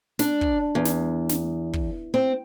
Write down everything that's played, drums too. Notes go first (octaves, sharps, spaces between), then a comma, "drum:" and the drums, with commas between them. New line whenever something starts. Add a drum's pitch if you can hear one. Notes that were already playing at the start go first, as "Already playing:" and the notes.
D4, drum: snare
drum: kick
E2
drum: snare
drum: snare
drum: kick
C4